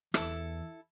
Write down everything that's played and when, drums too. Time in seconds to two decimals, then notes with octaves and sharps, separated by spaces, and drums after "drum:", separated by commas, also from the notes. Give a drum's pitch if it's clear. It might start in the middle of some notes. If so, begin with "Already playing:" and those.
0.14 E2 E4 A4, drum: rim click